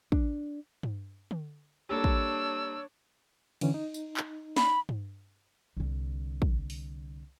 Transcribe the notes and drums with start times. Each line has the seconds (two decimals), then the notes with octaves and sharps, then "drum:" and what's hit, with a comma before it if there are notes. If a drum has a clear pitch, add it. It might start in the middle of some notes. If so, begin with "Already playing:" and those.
0.12 D4, drum: kick
0.83 drum: tom G2
1.31 drum: tom D3
1.89 G3 A#3 D4 A4 C#5 E6
2.04 drum: kick
3.61 D3 E3 C#4, drum: cymbal
3.74 D#4
3.94 drum: tambourine
4.17 drum: clap
4.57 B5, drum: snare
4.89 drum: tom G2
5.77 C2 D3
6.42 drum: kick
6.70 drum: open hi-hat